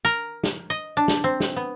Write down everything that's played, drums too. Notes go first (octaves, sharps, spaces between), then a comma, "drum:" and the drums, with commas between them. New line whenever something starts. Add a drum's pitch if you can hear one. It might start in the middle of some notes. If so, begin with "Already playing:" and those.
A#4
drum: snare
D#5
D4
drum: snare
C4
drum: snare
B3